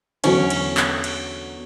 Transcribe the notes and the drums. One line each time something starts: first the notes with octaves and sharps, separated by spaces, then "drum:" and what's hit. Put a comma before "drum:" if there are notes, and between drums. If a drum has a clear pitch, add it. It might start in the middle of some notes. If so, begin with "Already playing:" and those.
E2 D3 F#3 C#4, drum: cymbal
drum: cymbal
drum: clap
drum: cymbal